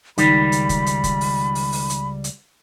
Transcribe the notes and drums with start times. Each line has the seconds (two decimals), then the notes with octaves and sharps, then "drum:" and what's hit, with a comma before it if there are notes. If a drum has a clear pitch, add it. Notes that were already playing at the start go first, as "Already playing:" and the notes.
0.18 C#2 D#3 G3 B5, drum: hi-hat
0.52 drum: hi-hat
0.69 drum: kick, hi-hat
0.86 drum: hi-hat
1.04 drum: kick, hi-hat
1.21 drum: open hi-hat
1.55 drum: open hi-hat
1.72 drum: open hi-hat
1.90 drum: hi-hat
2.24 drum: hi-hat